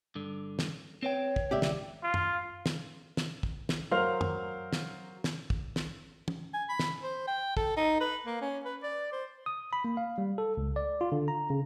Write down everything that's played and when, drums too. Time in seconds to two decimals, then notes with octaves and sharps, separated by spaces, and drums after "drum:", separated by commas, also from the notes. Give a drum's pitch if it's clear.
0.15 G2 D3
0.59 drum: snare
1.03 C4 B4 C#5 G5
1.36 drum: kick
1.51 C#2 G4 D5 E5
1.62 drum: snare
2.03 F4
2.14 drum: tom
2.66 drum: snare
3.17 drum: snare
3.43 drum: kick
3.69 drum: snare
3.92 F#3 A#4 C5 F5 F6 F7
4.21 drum: tom
4.73 drum: snare
5.24 drum: snare
5.50 drum: kick
5.76 drum: snare
6.28 drum: tom
6.54 G#5
6.69 B5
6.79 drum: snare
7.03 C5
7.27 G5
7.57 A4, drum: kick
7.77 D#4
8.01 B4
8.26 A#3
8.41 C#4
8.65 B4
8.83 D5
9.12 C5
9.46 D#6
9.73 B5
9.85 A#3
9.97 F5
10.18 G3
10.38 A4
10.57 C#2
10.76 D5
11.01 F4
11.12 D3
11.28 A#5
11.50 C#3